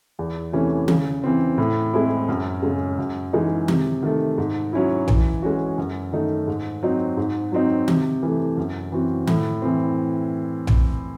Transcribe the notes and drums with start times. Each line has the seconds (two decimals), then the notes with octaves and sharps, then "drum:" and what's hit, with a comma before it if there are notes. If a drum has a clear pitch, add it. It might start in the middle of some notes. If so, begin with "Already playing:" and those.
0.19 E2
0.53 C3 E3 A3 C#4
0.88 C#3, drum: tom D#3
1.24 E3 C4
1.58 A2
1.94 G#3 C4 E4
2.28 F#2
2.62 C#3 G#3 C#4
2.99 F#2
3.33 E3 G#3 D#4
3.68 C3, drum: tom D#3
4.03 D#3 A3
4.38 G#2
4.73 F#3 C#4 E4
5.08 E3, drum: tom A#1
5.42 G#3 C#4 F#4
5.78 F#2
6.12 D#3 A3 D#4
6.47 G#2
6.83 F#3 C4 D#4
7.17 G#2
7.52 F#3 C4 D#4
7.88 C3, drum: tom D#3
8.23 E3 A3
8.57 F#2
8.92 E3 C4 F#4
9.27 A2, drum: tom D#3
9.62 E3 C4
10.67 drum: tom A#1